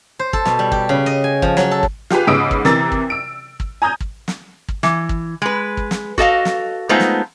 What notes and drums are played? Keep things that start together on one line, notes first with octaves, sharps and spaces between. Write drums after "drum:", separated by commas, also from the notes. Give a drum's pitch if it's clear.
C5
A4, drum: kick
B2, drum: snare
G3
G4, drum: kick
C#3
D#5
G#5
F3, drum: kick
F#3, drum: snare
A4
drum: kick
F4 G4 G#4 B4, drum: snare
G#2 C#3 B3 D#6 E6 D7
drum: kick
C3 E3 A#4 E6 A6, drum: snare
drum: kick
E6 D7
drum: kick
G#5 A#5 D#6 G6
drum: kick
drum: snare
drum: kick
E3, drum: snare
drum: kick
G#3 B4
drum: kick
drum: snare
F#4 A4 D#5 F5, drum: kick
drum: snare
G#3 A3 B3 D#4 F4 C5
drum: snare